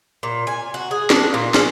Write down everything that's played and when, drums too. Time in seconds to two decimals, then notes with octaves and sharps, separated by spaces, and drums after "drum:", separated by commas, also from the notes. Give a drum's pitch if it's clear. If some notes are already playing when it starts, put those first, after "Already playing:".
0.23 A#2
0.47 G#5
0.74 F#4
0.91 G#4
1.10 D4, drum: snare
1.34 A#2
1.54 C#4, drum: snare